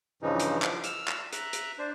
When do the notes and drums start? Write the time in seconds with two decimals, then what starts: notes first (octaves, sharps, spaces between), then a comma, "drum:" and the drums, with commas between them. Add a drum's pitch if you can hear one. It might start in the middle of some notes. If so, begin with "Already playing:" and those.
0.22 G2 C#3 E3 F3 D#4
0.40 drum: hi-hat
0.62 F3 D6, drum: clap
0.84 E6 F6, drum: hi-hat
1.08 drum: clap
1.33 E5 A#5 F#6, drum: hi-hat
1.53 drum: hi-hat
1.79 D4 C5